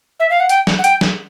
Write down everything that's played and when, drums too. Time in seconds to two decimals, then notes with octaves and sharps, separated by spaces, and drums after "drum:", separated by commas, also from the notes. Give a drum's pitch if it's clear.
0.20 E5
0.30 F5
0.40 F#5
0.49 G5, drum: hi-hat
0.67 drum: snare
0.79 F#5
0.84 G5, drum: hi-hat
1.01 drum: snare